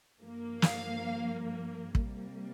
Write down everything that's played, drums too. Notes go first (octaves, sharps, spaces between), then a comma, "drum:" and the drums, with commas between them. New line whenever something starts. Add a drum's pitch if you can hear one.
G2 F3 A#3
F5, drum: snare
C3 G3 A#3, drum: kick